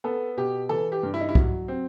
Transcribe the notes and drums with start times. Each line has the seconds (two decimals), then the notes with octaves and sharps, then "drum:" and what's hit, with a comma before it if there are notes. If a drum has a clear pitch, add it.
0.04 B3 A4
0.38 B2 G4
0.69 E3 A4
0.92 G4
1.03 G2
1.14 E4
1.21 D#4
1.29 E4
1.35 F#3, drum: kick
1.68 C4